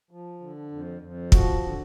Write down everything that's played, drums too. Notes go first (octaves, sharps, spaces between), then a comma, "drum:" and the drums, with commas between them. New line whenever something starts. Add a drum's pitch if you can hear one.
F3
D3
F2
F2
F3 F#4, drum: kick
D3